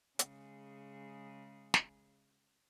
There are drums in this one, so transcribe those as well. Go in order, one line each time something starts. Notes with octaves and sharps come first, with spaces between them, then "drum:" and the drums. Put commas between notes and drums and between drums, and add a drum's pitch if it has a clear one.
C#3 G#3, drum: hi-hat
drum: snare